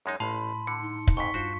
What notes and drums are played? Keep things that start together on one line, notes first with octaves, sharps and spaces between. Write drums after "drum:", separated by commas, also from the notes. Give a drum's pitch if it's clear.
F#2 G#3 D#4 C#5
A1 A2 F5 A5 B5 C6
D3 C#7
D#4
drum: kick
F2 G#2 C#6 B6
G2 F4 F#4 C5